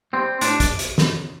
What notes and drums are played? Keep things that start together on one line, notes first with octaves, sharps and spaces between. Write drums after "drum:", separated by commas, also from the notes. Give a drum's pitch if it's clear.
G3 C4
A2 D4, drum: hi-hat
drum: kick, hi-hat
drum: hi-hat
drum: snare